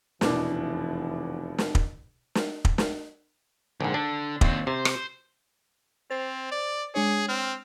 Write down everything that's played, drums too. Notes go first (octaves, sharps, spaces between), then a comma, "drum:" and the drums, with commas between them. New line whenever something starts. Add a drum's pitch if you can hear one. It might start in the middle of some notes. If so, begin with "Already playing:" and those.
F1 E2 B2 E3 D4, drum: snare
drum: snare
drum: kick
drum: snare
drum: kick
drum: snare
A#1 G#2 D3
D4
D#2 C4 D4, drum: kick
C3 C5
drum: rim click
C4 C5 A6 F7
D5
G#3 D4 G#4 C#5
C4 F6 F7